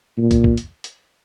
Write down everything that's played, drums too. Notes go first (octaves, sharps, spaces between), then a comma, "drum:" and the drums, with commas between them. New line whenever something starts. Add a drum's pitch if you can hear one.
A#2
drum: kick, hi-hat
drum: kick
drum: hi-hat
drum: hi-hat